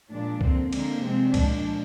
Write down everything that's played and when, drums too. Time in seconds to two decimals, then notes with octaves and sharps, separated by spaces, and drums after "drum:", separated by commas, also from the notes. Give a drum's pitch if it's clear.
0.10 A#2 F3 G#3 D4
0.41 D3 F3 A#3 C4, drum: kick C#2
0.73 D3 G#3 A#3, drum: cymbal
1.03 C3 F3 G#3 C4
1.34 A#2 F3 G#3 D4, drum: kick C#2, cymbal